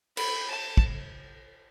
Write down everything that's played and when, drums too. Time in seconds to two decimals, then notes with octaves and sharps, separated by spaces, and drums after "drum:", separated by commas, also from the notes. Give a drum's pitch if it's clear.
0.17 B5, drum: cymbal
0.50 A5
0.77 drum: kick